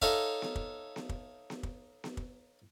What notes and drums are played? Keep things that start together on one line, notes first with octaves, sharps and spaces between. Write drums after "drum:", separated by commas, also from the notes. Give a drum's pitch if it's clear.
D#4 A4 C#5 E5 F5, drum: kick
drum: snare B3
drum: kick
drum: snare B3
drum: kick
drum: snare B3
drum: kick
drum: snare B3
drum: kick